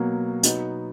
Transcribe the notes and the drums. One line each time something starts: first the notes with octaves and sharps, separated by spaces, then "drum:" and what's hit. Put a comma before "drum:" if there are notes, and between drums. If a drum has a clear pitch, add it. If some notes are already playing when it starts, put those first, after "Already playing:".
Already playing: B2 F#3 A#3
B2 F#3 B3 D#4, drum: hi-hat